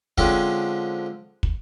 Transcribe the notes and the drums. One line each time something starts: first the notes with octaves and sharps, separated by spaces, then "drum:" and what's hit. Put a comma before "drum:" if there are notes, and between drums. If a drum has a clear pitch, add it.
D3 F3 G#3 C4 C#4, drum: kick
drum: kick